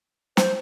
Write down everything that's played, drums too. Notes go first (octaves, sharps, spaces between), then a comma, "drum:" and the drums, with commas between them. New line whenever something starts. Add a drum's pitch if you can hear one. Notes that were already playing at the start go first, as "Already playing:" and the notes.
C5, drum: snare